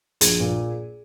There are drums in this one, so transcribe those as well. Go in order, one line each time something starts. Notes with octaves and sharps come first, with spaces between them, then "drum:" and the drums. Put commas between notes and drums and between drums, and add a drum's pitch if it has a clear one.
A#1 G#4, drum: hi-hat
A#2